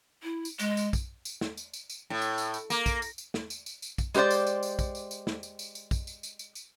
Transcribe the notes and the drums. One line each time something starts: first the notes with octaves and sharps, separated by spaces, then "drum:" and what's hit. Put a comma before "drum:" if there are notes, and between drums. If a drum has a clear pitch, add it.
E4
drum: tambourine
G#3, drum: tambourine
drum: tambourine
drum: kick, tambourine
drum: tambourine
drum: snare
drum: tambourine
drum: tambourine
drum: tambourine
A2
drum: tambourine
drum: tambourine
drum: tambourine
A#3, drum: tambourine
drum: kick, tambourine
drum: tambourine
drum: tambourine
drum: snare
drum: tambourine
drum: tambourine
drum: tambourine
drum: kick, tambourine
G#3 G4 A#4 C5 D5, drum: tambourine
drum: tambourine
drum: tambourine
drum: tambourine
drum: kick, tambourine
drum: tambourine
drum: tambourine
drum: snare
drum: tambourine
drum: tambourine
drum: tambourine
drum: kick, tambourine
drum: tambourine
drum: tambourine
drum: tambourine
drum: tambourine